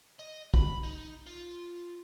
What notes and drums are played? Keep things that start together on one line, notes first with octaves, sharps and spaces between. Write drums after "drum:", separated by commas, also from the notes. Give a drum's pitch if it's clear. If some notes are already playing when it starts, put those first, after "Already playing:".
D#5
B5, drum: kick
D#4
F4